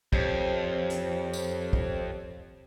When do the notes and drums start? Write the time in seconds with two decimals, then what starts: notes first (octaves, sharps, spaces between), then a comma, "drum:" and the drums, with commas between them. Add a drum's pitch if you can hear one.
0.13 F2 G4 C5 C#5, drum: kick
0.90 drum: hi-hat
1.33 drum: tambourine
1.73 drum: kick